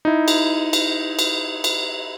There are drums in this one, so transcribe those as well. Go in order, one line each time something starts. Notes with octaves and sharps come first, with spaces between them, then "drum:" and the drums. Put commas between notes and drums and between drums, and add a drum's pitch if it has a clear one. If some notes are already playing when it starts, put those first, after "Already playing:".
D#4 E4
drum: cymbal
drum: cymbal
drum: cymbal
drum: cymbal